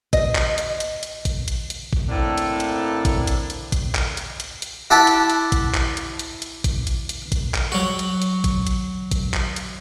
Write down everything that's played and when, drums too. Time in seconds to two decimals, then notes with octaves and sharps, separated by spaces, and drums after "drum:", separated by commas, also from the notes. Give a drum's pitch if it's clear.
0.13 D#5, drum: kick A1, hi-hat
0.35 drum: clap
0.58 drum: hi-hat
0.80 drum: hi-hat
1.03 drum: hi-hat
1.25 drum: kick A1, hi-hat
1.48 drum: hi-hat
1.70 drum: hi-hat
1.93 drum: kick A1
2.07 A2 A#3 C4 D4 A4
2.38 drum: hi-hat
2.60 drum: hi-hat
3.05 drum: kick A1, hi-hat
3.27 drum: hi-hat
3.50 drum: hi-hat
3.72 drum: kick A1, hi-hat
3.95 drum: clap
4.17 drum: hi-hat
4.40 drum: hi-hat
4.62 drum: hi-hat
4.90 E4 G4 F#5 A5
5.07 drum: hi-hat
5.30 drum: hi-hat
5.52 drum: kick A1, hi-hat
5.74 drum: clap
5.97 drum: hi-hat
6.19 drum: hi-hat
6.42 drum: hi-hat
6.64 drum: kick A1, hi-hat
6.87 drum: hi-hat
7.09 drum: hi-hat
7.32 drum: kick A1, hi-hat
7.54 drum: clap
7.72 F#3 F#4
7.99 drum: hi-hat
8.22 drum: hi-hat
8.44 drum: kick A1, hi-hat
8.67 drum: hi-hat
9.11 drum: kick A1, hi-hat
9.34 drum: clap
9.56 drum: hi-hat